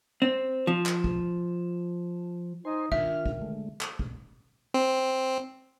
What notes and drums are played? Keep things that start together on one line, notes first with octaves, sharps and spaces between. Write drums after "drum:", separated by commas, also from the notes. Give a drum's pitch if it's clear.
C4
F3
drum: clap
drum: kick
D#4 C5 G#5 C6
D#3 D4 F4 E5 F6, drum: kick
drum: kick
D3 G#3 A3
drum: clap
drum: kick
C4